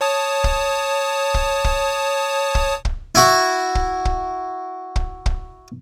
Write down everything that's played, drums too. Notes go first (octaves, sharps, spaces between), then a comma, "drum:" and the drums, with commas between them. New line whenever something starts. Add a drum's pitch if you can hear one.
C#5 A5 D#6
drum: kick
drum: kick
drum: kick
drum: kick
drum: kick
E4 F#4
drum: kick
drum: kick
drum: kick
drum: kick